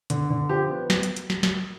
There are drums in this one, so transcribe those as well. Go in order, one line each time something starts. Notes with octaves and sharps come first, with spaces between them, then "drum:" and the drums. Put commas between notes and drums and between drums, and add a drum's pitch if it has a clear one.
D3, drum: hi-hat
D3
F3 G4
B3
drum: snare
drum: hi-hat
drum: hi-hat
drum: snare
drum: snare